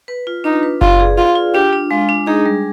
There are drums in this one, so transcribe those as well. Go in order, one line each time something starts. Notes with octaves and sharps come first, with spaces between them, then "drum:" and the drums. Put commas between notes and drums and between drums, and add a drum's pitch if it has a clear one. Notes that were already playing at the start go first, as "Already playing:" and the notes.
B4
F4
D4 D#4
B4
F4 D5, drum: kick F#1
G#4
F4 F5
F4
D4 G4
D4
G#3 F4
D4
D#4 G#4
G3